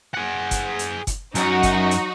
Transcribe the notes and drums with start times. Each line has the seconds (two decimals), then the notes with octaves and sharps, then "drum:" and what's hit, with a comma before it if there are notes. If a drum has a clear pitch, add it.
0.14 G#4 F#5
0.51 drum: kick F#1, hi-hat
0.79 drum: hi-hat
1.07 drum: kick F#1, hi-hat
1.35 F#2 F#3 D#4 F#4, drum: hi-hat
1.63 drum: kick F#1, hi-hat
1.91 drum: hi-hat